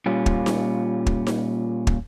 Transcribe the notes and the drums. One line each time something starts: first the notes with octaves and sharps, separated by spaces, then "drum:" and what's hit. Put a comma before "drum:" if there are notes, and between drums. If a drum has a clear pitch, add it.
A#2 G3 C#4 F4
drum: kick
drum: snare D#4
drum: kick
drum: snare D#4
drum: kick